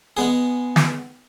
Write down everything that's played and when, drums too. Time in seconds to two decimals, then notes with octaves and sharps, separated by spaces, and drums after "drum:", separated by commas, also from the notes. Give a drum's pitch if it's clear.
0.17 G#3 B3 G#4
0.76 drum: snare